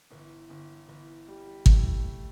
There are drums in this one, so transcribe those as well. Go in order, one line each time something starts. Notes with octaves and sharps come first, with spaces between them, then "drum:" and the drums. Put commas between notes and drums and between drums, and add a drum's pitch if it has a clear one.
G1 E3
G1
G1 E3
G3
E3 A3, drum: kick